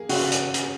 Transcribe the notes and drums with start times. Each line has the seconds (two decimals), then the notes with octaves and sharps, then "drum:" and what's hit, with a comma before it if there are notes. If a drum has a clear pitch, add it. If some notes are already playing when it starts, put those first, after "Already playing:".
Already playing: A#3 G#4
0.09 C#3 F#4, drum: open hi-hat
0.32 drum: hi-hat
0.54 drum: hi-hat